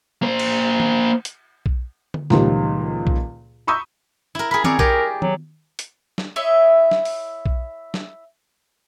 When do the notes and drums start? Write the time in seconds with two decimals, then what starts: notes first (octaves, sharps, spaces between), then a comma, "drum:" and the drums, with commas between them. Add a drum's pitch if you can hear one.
0.23 A#3 C5
0.39 drum: cymbal
0.80 drum: tom D#3
1.25 drum: hi-hat
1.66 drum: kick B1
2.14 drum: tom D3
2.30 C#2 A#2 D#3 F3 G3, drum: snare
3.07 drum: kick B1
3.67 A#5 B5 C#6 D#6 E6 G6
4.35 E4 A#4
4.51 G#4 A#4 B5
4.64 C4 A#4 C#5 D5, drum: tom D#3
4.79 G4 G#4 A#4 D5, drum: kick B1
5.22 F#3, drum: tom D#3
5.79 drum: hi-hat
6.18 drum: snare
6.36 E4 C#5 D#5 E5
6.91 drum: snare
7.05 drum: open hi-hat
7.46 drum: kick B1
7.94 drum: snare